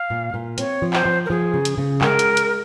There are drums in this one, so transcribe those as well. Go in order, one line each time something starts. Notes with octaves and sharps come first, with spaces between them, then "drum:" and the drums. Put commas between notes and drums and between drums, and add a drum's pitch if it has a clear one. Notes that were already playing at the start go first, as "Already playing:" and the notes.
Already playing: F5
A#2
A#2
C4 C#5, drum: hi-hat
F3
C5, drum: clap
F3
A#4
F3 G#4
C#3
drum: hi-hat
C#3
G#3 A#4, drum: clap
drum: hi-hat
drum: hi-hat